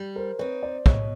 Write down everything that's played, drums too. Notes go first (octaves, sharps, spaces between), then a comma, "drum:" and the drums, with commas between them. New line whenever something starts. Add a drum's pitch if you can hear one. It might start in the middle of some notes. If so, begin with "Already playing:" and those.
Already playing: G3
A#4 C5
C4 D#4 B4 C#5
C5 D5
B2 C#5 D#5, drum: kick